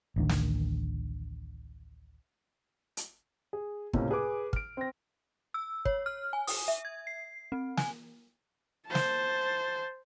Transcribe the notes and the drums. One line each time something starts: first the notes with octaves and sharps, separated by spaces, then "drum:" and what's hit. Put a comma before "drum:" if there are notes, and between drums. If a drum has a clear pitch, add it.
A1 D2 D#3
drum: snare
drum: hi-hat
G#4
C#2 A2 C3 A#3 C#4, drum: kick
G#4 B4 G#5 D6
F6 D7, drum: kick
C4 A#6
E6
C#5, drum: kick
F6
G#5
D#6, drum: open hi-hat
E5
G#6
C7
C4
G#5, drum: snare
C5 A5
drum: snare